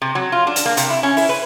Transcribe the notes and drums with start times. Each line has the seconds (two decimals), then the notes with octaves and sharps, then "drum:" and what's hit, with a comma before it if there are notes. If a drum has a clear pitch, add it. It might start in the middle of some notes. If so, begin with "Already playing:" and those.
0.02 C3
0.15 F#3
0.32 F4
0.47 D4
0.56 drum: hi-hat
0.66 A#3
0.77 C3, drum: hi-hat
0.90 E4
1.03 C#4
1.17 E4, drum: open hi-hat
1.29 B4